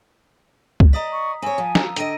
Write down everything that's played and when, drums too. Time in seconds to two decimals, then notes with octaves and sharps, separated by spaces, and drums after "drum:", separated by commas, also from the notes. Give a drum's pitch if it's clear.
0.80 drum: kick C#2
0.93 D5 D#5 A#5 D#6 B6
1.12 C#6
1.42 C4 C#5 G#5 D#7
1.58 F3
1.75 A#5 E6, drum: snare
1.96 D3 D#5 G5 A#6 D7 D#7, drum: hi-hat